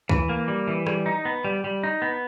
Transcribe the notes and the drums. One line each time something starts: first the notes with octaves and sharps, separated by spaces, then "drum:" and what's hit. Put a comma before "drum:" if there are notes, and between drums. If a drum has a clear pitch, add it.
E3, drum: kick C#2
A#3
G3
E3
G3, drum: rim click
D#4
B3
G3
G3
D#4
B3